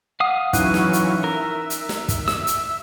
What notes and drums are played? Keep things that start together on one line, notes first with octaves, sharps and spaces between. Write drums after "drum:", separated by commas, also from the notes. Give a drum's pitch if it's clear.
F5 F#5 D#6
E3 F#3 C#4 D#4 F#6 D#7, drum: kick, hi-hat
drum: snare
drum: hi-hat
A#4 E5
drum: hi-hat
drum: snare
drum: kick, hi-hat
E6, drum: snare
drum: hi-hat